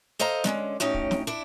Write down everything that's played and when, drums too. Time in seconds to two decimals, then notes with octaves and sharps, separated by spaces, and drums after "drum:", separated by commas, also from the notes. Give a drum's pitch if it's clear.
0.19 A4 C5 D#5 F5 A#5
0.44 D3 G#3 C4 C#4, drum: snare
0.80 A2 F#3 C#4 D#4 G5
0.94 drum: kick
1.11 drum: snare
1.27 D4 E4